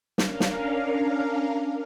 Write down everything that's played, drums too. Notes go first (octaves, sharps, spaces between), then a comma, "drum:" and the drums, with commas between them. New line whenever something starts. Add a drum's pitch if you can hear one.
C#4 D4 A#4 F5, drum: snare
drum: snare